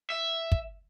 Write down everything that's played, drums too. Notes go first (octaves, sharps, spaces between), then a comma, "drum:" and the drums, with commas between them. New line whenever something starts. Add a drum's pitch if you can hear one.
E5
drum: kick